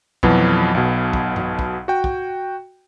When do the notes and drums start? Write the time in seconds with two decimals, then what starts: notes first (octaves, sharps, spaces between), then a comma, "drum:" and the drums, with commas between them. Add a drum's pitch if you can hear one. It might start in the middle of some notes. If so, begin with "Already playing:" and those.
0.23 F2 B2 E3 F#3, drum: kick
0.75 B1 B2
1.13 drum: kick
1.36 drum: tom G2
1.59 drum: kick
1.88 F#4 G5
2.04 drum: kick